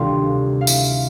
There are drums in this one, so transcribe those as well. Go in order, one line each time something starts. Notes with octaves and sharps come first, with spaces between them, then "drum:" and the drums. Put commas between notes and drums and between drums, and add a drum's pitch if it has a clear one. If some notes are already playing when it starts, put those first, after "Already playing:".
Already playing: D2 C3 D#3 G3 F4 F5
F5
E4 E5, drum: tambourine